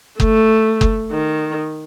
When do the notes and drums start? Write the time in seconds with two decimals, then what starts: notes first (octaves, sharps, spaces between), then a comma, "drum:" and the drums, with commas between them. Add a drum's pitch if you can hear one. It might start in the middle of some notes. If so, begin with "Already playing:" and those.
0.20 A3, drum: kick F#1
0.81 drum: kick F#1
1.12 D#3